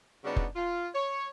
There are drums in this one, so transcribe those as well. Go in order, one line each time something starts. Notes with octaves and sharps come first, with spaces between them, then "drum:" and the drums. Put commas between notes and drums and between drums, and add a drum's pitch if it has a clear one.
C#3 G3 B3 D4 D#4 F#4
drum: kick F1
F4
C#5